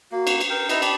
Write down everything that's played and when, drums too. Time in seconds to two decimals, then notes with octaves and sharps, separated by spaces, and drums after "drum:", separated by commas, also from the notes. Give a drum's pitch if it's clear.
0.12 A#3 F#4
0.27 drum: cymbal
0.41 drum: cymbal
0.50 A#4 B4 G5
0.69 D#4 E4 A#5, drum: cymbal
0.82 D5 G5 A5 B5, drum: cymbal